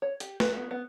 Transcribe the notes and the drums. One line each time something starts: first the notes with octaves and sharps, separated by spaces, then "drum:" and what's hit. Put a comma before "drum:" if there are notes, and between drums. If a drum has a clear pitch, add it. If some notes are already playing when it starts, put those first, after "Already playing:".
C#5
G4, drum: hi-hat
B4, drum: snare
B3
B3